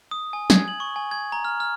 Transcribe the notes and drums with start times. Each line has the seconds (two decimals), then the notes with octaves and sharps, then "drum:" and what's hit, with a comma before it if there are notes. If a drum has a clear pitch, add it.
0.11 D#6
0.33 G#5
0.50 G#6, drum: snare
0.68 F#7
0.80 C#6
0.96 G#5
1.11 G#6
1.32 A#5
1.45 F6
1.60 F6